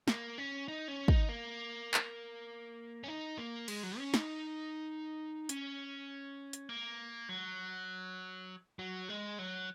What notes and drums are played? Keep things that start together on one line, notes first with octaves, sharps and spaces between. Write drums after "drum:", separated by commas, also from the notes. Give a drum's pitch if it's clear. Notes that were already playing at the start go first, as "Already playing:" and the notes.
A#3, drum: snare
C#4
D#4
C#4
D#4, drum: kick
A#3
drum: clap
C#4
D#4
A#3
G#3, drum: cymbal
F#3
C#4
D#4, drum: snare
C#4, drum: hi-hat
drum: hi-hat
A#3
F#3
F#3
G#3
F#3